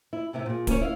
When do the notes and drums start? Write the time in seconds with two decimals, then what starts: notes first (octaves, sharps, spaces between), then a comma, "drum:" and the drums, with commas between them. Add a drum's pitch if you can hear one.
0.13 E4
0.33 A2 C3 C4 E4
0.46 A#2 G#4
0.67 A#3 C#4 C5 C#5, drum: kick D1, hi-hat
0.81 E4 C#5 F5